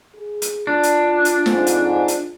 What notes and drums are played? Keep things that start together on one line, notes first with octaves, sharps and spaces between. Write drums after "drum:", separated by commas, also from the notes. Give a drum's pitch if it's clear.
G#4
drum: hi-hat
D4 F4
drum: hi-hat
drum: hi-hat
F2 G#2, drum: snare
drum: hi-hat
drum: hi-hat